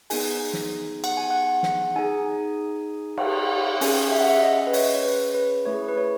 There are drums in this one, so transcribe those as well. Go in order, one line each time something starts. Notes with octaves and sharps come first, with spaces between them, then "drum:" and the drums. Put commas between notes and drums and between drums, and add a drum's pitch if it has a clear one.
B3 D#4 G#4 G#5, drum: open hi-hat
drum: snare
F#5, drum: cymbal
G#5
F#5
drum: snare
D#4 G#4 G#5
drum: cymbal
C#4 G#4 G#5, drum: open hi-hat
E5
F#5
E5
D#5
B4
C#5, drum: open hi-hat
C#5
B4
B4
A3 E4 G#4 C#5
B4
C#5